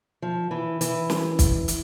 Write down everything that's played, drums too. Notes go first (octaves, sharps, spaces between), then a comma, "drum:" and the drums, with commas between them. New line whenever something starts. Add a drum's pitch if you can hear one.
F3
E3
E3, drum: hi-hat
drum: snare
drum: kick, hi-hat
drum: hi-hat